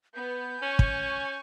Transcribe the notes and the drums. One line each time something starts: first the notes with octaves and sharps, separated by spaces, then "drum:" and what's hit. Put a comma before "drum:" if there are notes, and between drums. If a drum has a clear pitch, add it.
B3 G6
C#4 G#5 C#6
drum: kick